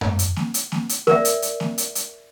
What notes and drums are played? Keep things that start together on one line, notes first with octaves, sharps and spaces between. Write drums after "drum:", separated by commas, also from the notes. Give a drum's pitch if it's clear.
drum: tom F#2
drum: hi-hat
drum: snare A#3
drum: hi-hat
drum: snare A#3
drum: hi-hat
A#4 D5 E5, drum: snare A#3
drum: hi-hat
drum: hi-hat
drum: snare A#3
drum: hi-hat
drum: hi-hat